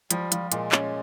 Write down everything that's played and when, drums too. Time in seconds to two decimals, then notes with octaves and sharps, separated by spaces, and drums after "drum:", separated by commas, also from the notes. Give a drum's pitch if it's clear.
0.11 F3 G3, drum: hi-hat
0.32 F3, drum: hi-hat
0.52 A#2 G#3, drum: hi-hat
0.72 C#4, drum: clap